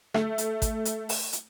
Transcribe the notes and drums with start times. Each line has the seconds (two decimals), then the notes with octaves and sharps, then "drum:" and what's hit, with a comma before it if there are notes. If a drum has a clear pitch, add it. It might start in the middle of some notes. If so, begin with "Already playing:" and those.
0.14 A3, drum: rim click
0.38 drum: hi-hat
0.62 drum: kick G#1, hi-hat
0.85 drum: hi-hat
1.09 drum: open hi-hat
1.33 drum: hi-hat